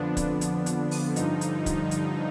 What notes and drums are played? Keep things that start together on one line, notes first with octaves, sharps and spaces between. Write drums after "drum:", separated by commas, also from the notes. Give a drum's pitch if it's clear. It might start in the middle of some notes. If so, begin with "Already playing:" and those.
Already playing: F2 D3 F3 B3 D4
D4, drum: kick C#1, hi-hat
drum: hi-hat
drum: hi-hat
drum: open hi-hat
G2 D3 F3 D#4, drum: hi-hat
drum: hi-hat
drum: kick C#1, hi-hat
drum: hi-hat